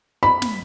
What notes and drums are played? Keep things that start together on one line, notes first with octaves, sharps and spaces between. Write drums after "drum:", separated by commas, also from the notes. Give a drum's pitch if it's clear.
B5
drum: snare